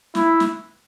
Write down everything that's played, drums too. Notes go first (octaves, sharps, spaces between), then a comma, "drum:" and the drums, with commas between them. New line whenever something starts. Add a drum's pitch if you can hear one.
E4, drum: snare
drum: snare